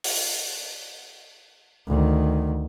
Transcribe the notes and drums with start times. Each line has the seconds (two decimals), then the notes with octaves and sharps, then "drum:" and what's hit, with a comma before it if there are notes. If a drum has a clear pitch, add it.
0.04 drum: open hi-hat
1.87 D2 D#3